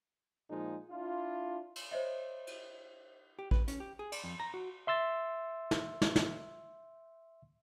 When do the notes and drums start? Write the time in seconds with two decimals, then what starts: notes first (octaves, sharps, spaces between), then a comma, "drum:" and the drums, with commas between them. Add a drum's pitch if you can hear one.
0.49 A#2 F3 G#3 D#4
0.90 D4 E4 F4
1.76 drum: cymbal
1.91 C5 C#5 D#5 E5
2.47 drum: cymbal
3.39 G4
3.51 B4, drum: kick A1
3.68 C#4, drum: hi-hat
3.80 G4
3.99 G#4
4.12 D5, drum: cymbal
4.24 F2
4.40 A#5
4.54 F#4
4.87 E5 C6 E6 A6
5.71 drum: snare
6.02 drum: snare
6.16 drum: snare